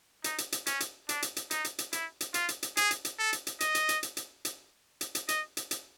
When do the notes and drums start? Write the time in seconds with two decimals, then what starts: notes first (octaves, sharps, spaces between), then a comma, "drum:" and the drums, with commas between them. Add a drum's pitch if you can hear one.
0.24 D#4, drum: hi-hat
0.38 drum: hi-hat
0.52 drum: hi-hat
0.66 C#4, drum: hi-hat
0.80 drum: hi-hat
1.09 D4, drum: hi-hat
1.22 drum: hi-hat
1.36 drum: hi-hat
1.51 D#4, drum: hi-hat
1.64 drum: hi-hat
1.78 drum: hi-hat
1.93 E4, drum: hi-hat
2.21 drum: hi-hat
2.34 F4, drum: hi-hat
2.49 drum: hi-hat
2.63 drum: hi-hat
2.77 G#4, drum: hi-hat
2.91 drum: hi-hat
3.05 drum: hi-hat
3.19 A4
3.33 drum: hi-hat
3.47 drum: hi-hat
3.60 D#5, drum: hi-hat
3.75 drum: hi-hat
3.89 drum: hi-hat
4.03 drum: hi-hat
4.17 drum: hi-hat
4.45 drum: hi-hat
5.01 drum: hi-hat
5.15 drum: hi-hat
5.29 D#5, drum: hi-hat
5.57 drum: hi-hat
5.71 drum: hi-hat